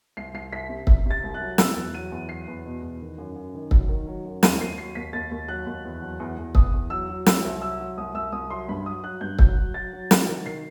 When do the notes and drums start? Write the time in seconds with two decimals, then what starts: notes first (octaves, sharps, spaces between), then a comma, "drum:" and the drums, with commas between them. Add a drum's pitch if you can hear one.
0.17 C2 C7
0.34 C2 C7
0.52 C2 B6
0.69 C3
0.87 C3, drum: kick
1.06 C3 A6
1.24 C2
1.34 F#6
1.40 F#3
1.58 B2 E6, drum: snare
1.76 E2
1.94 F#3 D#7
2.12 E2
2.29 F#3 C7
2.48 E2
2.65 B2
2.82 E2
3.01 D#3
3.18 F#2
3.36 F#2
3.54 D#3
3.71 F#3, drum: kick
3.89 D#3
4.07 F#3
4.25 F#2
4.43 D#2 D#7, drum: snare
4.60 D#2 C7
4.78 F#3 C7
4.95 D#2 B6
5.13 D#2 A6
5.31 D#2
5.48 F#3 F#6
5.67 D#2
5.85 E2
6.01 F#3
6.20 E2
6.38 E2
6.55 E2 D#6, drum: kick
6.73 E2
6.90 F#3 E6
7.09 F#3
7.26 F#3 E6, drum: snare
7.45 C2
7.62 F#3 E6
7.80 F#3
7.98 C2 D#6
8.14 C2 E6
8.32 C2 D#6
8.50 F#3 C6
8.69 G2 B5
8.86 F#3 D#6
9.04 F#3 F#6
9.21 G2 G6
9.39 F#3 G6, drum: kick
9.56 F#3
9.74 F#3 A6
9.93 F#3
10.11 F#3, drum: snare
10.28 D#3
10.46 D#3 C7